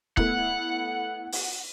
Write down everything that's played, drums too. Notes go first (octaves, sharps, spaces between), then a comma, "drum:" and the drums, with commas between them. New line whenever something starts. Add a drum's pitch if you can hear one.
A3 B3 E4 F#5, drum: kick
drum: open hi-hat